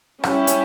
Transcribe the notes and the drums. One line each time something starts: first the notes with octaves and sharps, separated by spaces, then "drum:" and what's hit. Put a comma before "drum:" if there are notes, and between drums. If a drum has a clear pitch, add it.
G3 C#4 E4 G4, drum: rim click
drum: hi-hat